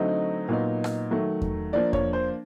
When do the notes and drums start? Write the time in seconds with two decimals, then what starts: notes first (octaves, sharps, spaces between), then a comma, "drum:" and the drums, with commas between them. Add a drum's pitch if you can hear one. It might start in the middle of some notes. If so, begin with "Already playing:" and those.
Already playing: D3 F#3 A3 C4 D#4 D#5
0.49 A#2 F#3 B3 D#4
0.84 drum: rim click
1.11 D#3 F#3 A3
1.42 drum: kick E2
1.73 F3 A#3 D4 D5
1.93 C#5, drum: kick E2
2.13 C5